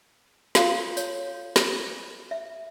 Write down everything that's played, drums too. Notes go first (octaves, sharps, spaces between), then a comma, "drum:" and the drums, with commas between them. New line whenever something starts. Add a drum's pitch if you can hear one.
F4 A4 F5 B5 C6, drum: snare
C#5, drum: tambourine
drum: snare
E5